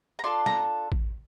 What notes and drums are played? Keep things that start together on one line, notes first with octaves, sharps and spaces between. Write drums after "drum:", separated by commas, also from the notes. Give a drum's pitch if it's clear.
A#5
D4 F4 A4 C6
A#5, drum: snare
drum: kick A1